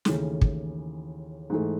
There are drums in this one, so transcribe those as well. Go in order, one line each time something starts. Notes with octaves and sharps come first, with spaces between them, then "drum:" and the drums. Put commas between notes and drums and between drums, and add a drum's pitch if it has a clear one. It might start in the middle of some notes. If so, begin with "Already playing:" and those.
D#2 C#3 E3 A3 E4, drum: snare
drum: kick
G#2 E3 A3